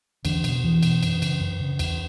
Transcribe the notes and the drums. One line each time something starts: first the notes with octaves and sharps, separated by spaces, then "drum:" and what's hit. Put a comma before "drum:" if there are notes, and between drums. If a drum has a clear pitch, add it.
E2 D3, drum: cymbal
B2, drum: cymbal
E2 E3
B2, drum: cymbal
F#2, drum: cymbal
C#3, drum: cymbal
F#2
C#3
E2, drum: cymbal